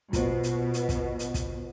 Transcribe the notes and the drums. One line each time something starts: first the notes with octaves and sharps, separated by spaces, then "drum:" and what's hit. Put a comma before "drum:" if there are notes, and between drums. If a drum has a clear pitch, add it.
B2 F4 C5, drum: kick, hi-hat
drum: hi-hat
drum: hi-hat
drum: kick, hi-hat
drum: hi-hat
drum: kick, hi-hat